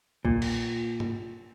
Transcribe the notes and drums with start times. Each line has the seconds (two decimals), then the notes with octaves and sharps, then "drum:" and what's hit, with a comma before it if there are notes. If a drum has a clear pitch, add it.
0.25 A#2, drum: kick
0.42 drum: cymbal
1.00 drum: tom